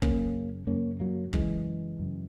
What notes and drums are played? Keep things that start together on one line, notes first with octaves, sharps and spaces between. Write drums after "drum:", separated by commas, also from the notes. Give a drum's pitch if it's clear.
F#2 C#3 A#3 C#4, drum: kick
F#2 C#3 A#3 C#4
F#3 A#3
F#2 C#3 E3 G#3, drum: kick
F#2 C#3